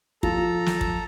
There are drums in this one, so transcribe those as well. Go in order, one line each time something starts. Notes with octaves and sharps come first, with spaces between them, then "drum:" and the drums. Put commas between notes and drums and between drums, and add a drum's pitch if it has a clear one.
F3 A4 A#5, drum: kick
drum: snare
drum: kick